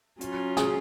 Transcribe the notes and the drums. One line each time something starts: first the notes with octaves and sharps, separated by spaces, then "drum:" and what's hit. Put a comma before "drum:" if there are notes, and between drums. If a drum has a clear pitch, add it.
F#3 C#4 F4, drum: hi-hat
G#4, drum: snare